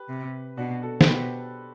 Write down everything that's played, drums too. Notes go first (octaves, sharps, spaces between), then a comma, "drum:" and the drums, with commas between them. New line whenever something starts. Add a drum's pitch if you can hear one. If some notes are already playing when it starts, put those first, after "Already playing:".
Already playing: G4 B4
C3
B2 D4 F#4
F#4 A4
C5, drum: snare
B2 G4 B4